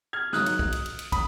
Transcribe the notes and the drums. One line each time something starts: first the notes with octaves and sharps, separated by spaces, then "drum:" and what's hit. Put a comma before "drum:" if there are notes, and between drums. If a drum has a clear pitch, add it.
F6 G#6
G#2 D#3 F#3 D#6 F#6, drum: snare
drum: cymbal
drum: kick
drum: cymbal
drum: cymbal
drum: cymbal
B5 D#6, drum: kick, cymbal